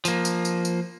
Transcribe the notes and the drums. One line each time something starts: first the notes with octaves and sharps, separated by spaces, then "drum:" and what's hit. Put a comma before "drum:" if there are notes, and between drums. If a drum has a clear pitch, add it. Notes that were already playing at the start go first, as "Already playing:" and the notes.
F3 A#3, drum: tambourine
drum: tambourine
drum: tambourine
drum: tambourine